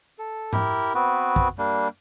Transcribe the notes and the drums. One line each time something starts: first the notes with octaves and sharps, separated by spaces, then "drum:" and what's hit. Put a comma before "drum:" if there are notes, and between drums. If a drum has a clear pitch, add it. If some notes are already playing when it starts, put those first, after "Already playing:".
A4
E4 G4 A#4, drum: tom G#2
B3 C4 F#4 B4
drum: kick
G3 A#3 D4